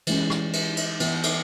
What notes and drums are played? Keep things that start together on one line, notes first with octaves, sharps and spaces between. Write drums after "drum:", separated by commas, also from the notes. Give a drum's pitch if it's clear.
E3 G#3 C#4, drum: cymbal
drum: rim click
drum: cymbal
drum: cymbal
E3 B3 E4, drum: cymbal
drum: cymbal